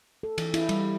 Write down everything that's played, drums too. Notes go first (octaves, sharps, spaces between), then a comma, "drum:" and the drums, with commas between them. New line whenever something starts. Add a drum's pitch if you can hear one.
A4
E3, drum: cymbal
E4, drum: cymbal
G3, drum: cymbal